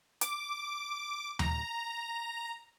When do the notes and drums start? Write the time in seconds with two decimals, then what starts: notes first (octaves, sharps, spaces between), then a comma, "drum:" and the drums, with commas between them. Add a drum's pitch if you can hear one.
0.21 D6, drum: hi-hat
1.39 A#5, drum: tom D#2